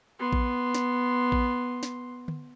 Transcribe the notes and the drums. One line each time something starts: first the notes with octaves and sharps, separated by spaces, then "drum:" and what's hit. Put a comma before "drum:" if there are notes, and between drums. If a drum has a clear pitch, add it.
B3 C6
drum: kick A#1
drum: snare
drum: kick A#1
drum: snare
drum: tom D3